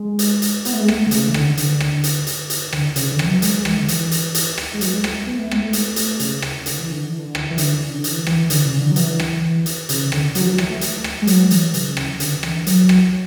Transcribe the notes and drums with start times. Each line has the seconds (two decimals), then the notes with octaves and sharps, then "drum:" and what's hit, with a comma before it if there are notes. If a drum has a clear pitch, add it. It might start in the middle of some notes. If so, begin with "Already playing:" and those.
Already playing: G#3
0.19 drum: hi-hat
0.42 drum: hi-hat
0.65 B3, drum: hi-hat
0.73 A3
0.80 G#3
0.88 A3, drum: rim click
1.07 D3
1.11 C#3, drum: hi-hat
1.28 E3
1.34 D3, drum: rim click
1.57 D3, drum: hi-hat
1.80 drum: rim click
2.04 drum: hi-hat
2.27 drum: hi-hat
2.50 drum: hi-hat
2.73 D3, drum: rim click
2.96 C#3, drum: hi-hat
3.11 D3
3.19 E3, drum: rim click
3.27 F#3
3.42 G#3, drum: hi-hat
3.54 G#3
3.65 E3, drum: rim click
3.77 D3
3.88 E3, drum: hi-hat
4.11 drum: hi-hat
4.35 drum: hi-hat
4.58 drum: rim click
4.74 G#3
4.81 F#3, drum: hi-hat
4.92 G#3
5.04 A3, drum: rim click
5.26 B3
5.39 A3
5.51 G#3, drum: rim click
5.63 A3
5.73 drum: hi-hat
5.96 drum: hi-hat
6.20 C#3, drum: hi-hat
6.42 drum: rim click
6.66 D3, drum: hi-hat
6.79 E3
6.92 D3
7.05 E3
7.19 D3
7.35 drum: rim click
7.50 E3
7.58 D3, drum: hi-hat
7.89 C#3
7.97 D3
8.04 E3, drum: hi-hat
8.27 E3, drum: rim click
8.50 D3, drum: hi-hat
8.65 C#3
8.81 D3
8.91 F#3
8.96 E3, drum: hi-hat
9.20 drum: rim click
9.66 drum: hi-hat
9.89 C#3, drum: hi-hat
10.12 D3, drum: rim click
10.35 F#3, drum: hi-hat
10.42 E3
10.47 F#3
10.58 E3, drum: rim click
10.70 A3
10.81 drum: hi-hat
11.04 drum: rim click
11.22 G#3
11.27 F#3, drum: hi-hat
11.51 E3, drum: hi-hat
11.74 C#3, drum: hi-hat
11.97 drum: rim click
12.20 D3, drum: hi-hat
12.43 E3, drum: rim click
12.67 F#3, drum: hi-hat
12.89 drum: rim click